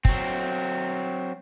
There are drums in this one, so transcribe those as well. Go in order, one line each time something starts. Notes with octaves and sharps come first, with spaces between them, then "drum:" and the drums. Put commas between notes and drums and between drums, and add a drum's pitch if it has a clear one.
F#3 C4, drum: kick